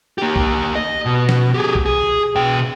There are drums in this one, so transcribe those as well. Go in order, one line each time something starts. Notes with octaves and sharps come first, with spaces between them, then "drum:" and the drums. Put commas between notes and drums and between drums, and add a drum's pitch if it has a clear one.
A#3 G4
drum: kick C2
D#5
B2
drum: snare
G4 G#4
drum: kick C2
G#4
B2 G5